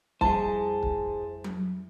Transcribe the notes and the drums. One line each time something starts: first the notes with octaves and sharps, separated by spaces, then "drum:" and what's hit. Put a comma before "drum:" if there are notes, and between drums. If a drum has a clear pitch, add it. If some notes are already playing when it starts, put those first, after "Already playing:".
F2 G3 E4 G#4 C5 A5, drum: kick
drum: kick
drum: tom F#3